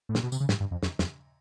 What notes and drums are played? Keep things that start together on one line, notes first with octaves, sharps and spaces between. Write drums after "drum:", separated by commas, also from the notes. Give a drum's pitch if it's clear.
A2
A#2, drum: snare
B2
C3, drum: tambourine
C#3
G#2, drum: snare
G2
F2
F2, drum: snare
F2, drum: snare